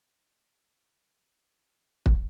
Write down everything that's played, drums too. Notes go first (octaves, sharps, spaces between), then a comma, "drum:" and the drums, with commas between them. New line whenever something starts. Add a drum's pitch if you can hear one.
F1 D#2 D#3 A#4
D#2 D#3 A#3 C#4 C#5
D#5
A#4
drum: kick